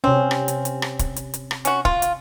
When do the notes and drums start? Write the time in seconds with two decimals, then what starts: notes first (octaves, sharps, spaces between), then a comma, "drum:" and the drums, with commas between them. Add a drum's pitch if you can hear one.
0.04 C3 C4 C#4
0.31 drum: rim click
0.48 drum: hi-hat
0.65 drum: hi-hat
0.82 drum: rim click
0.99 drum: kick, hi-hat
1.16 drum: hi-hat
1.34 drum: hi-hat
1.51 drum: rim click
1.65 C#4 F#4, drum: hi-hat
1.85 F4, drum: kick
2.02 drum: hi-hat